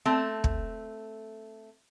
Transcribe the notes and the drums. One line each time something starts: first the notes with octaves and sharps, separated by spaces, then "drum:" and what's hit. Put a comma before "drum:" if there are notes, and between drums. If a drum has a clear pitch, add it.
A3 C4 A5
drum: kick